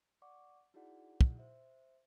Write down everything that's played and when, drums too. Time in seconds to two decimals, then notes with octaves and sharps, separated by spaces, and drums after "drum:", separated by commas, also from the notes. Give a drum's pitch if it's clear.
0.22 D5 F#5 C#6 D6
0.74 D#4 E4 F#4 G#4 D5 F#5
1.21 drum: kick
1.39 C5 E5